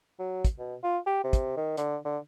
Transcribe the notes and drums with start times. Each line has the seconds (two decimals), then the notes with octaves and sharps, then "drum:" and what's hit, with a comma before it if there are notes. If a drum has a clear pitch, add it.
0.19 F#3
0.45 drum: kick, hi-hat
0.58 B2
0.84 F4
1.06 G4
1.24 C3
1.33 drum: kick, hi-hat
1.56 D#3
1.77 D3, drum: hi-hat
2.05 D3